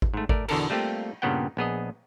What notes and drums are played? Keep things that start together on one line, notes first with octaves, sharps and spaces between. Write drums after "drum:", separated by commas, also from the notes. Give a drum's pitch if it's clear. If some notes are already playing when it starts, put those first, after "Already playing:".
drum: kick G#1
G#2 A3
A3 A#4 D5, drum: kick G#1
E2 B2 D3 A4 A#4, drum: cymbal
G3 A3 A#3 C4 F4 G4
G2 A#2 C#3 B3 F#5 G5
A#1 B3 G#4 D#5